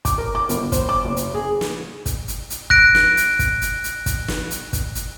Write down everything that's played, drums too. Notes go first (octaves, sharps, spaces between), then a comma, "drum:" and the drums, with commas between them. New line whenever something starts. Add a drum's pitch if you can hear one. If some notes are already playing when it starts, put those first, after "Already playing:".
D6, drum: kick, hi-hat
A#4
D6
G1, drum: hi-hat
C5, drum: kick, hi-hat
D6
F#1
drum: hi-hat
G#4
drum: snare
drum: kick, hi-hat
drum: hi-hat
drum: hi-hat
F#6 A#6 D7, drum: kick
drum: snare
drum: hi-hat
drum: kick, hi-hat
drum: hi-hat
drum: hi-hat
drum: kick, hi-hat
drum: snare
drum: hi-hat
drum: kick, hi-hat
drum: hi-hat